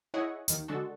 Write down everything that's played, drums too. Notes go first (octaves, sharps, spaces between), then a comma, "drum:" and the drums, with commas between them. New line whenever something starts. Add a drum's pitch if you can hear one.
E4 G#4 C#5 D#5 F#5
D#2 D#3, drum: hi-hat
D3 G#3 D4 F#4 A4